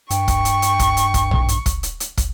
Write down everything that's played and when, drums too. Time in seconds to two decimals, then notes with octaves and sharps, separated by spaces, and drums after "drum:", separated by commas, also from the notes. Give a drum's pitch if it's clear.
0.10 G2 G5 C#6, drum: hi-hat
0.28 drum: kick, hi-hat
0.45 drum: hi-hat
0.62 drum: hi-hat
0.79 drum: kick, hi-hat
0.97 drum: hi-hat
1.14 drum: kick, hi-hat
1.31 drum: tom A#1
1.48 drum: hi-hat
1.66 drum: kick, hi-hat
1.83 drum: hi-hat
2.00 drum: hi-hat
2.17 drum: kick, hi-hat